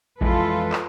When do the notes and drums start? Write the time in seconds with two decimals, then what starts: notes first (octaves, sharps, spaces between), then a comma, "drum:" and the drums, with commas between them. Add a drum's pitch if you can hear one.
0.21 F2 E3 G#3 F4 A4 B4, drum: kick A1
0.72 drum: clap